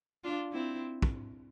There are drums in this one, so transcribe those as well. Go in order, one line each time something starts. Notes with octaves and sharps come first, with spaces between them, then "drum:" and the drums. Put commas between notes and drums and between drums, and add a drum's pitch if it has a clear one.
D4 F4
C4 E4
drum: kick